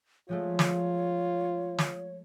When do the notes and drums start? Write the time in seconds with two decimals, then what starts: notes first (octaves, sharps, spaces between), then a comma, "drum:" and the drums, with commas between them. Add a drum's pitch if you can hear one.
0.29 F3 G#3 A3 F4 C#5
0.59 drum: snare
1.78 drum: snare